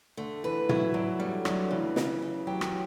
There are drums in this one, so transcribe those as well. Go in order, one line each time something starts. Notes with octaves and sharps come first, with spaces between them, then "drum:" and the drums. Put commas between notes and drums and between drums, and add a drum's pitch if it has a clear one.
D3 A3
E3 B4
F#3 E4, drum: tom
D3 F#3
G3 A3
D3 F#3, drum: rim click
C#3 E3
C#3, drum: snare
C#3
F#3 G4
drum: rim click